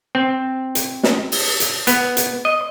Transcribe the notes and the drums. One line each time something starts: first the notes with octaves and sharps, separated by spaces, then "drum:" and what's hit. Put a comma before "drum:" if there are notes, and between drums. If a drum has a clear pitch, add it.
C4
drum: hi-hat
drum: snare
drum: open hi-hat
drum: hi-hat
B3, drum: hi-hat
drum: hi-hat
D#5